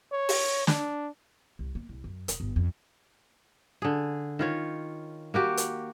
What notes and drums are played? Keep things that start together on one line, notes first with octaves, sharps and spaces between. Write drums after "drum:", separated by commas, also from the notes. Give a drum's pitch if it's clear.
C#5
drum: open hi-hat
D4, drum: snare
C2
A#3
C2
F#2
D#1, drum: hi-hat
G1
F2
D3 G#4
D#3 F4 C#5
A#3 F#4 G4
drum: hi-hat